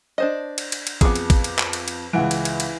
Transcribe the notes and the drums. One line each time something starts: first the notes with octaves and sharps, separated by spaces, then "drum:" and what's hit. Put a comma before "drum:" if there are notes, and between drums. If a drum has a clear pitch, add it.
D4 C5 D#5
drum: cymbal
drum: cymbal
drum: cymbal
F2 B3 G#4 D6, drum: kick, cymbal
drum: cymbal
drum: kick, cymbal
drum: cymbal
drum: clap
drum: cymbal
drum: cymbal
C#2 E3 F#5 D7
drum: cymbal
drum: cymbal
drum: cymbal